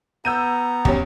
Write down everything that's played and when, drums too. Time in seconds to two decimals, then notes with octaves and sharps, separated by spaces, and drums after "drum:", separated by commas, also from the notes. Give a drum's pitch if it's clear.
0.25 B3 A#5 E6 G6 D#7
0.85 E2 G3 C#4, drum: kick